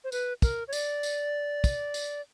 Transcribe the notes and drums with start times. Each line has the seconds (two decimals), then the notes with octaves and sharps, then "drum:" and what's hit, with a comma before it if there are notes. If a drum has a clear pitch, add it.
0.04 C5
0.12 B4, drum: tambourine
0.42 A#4, drum: kick, tambourine
0.68 C#5
0.73 D5, drum: tambourine
1.03 drum: tambourine
1.64 drum: kick, tambourine
1.94 drum: tambourine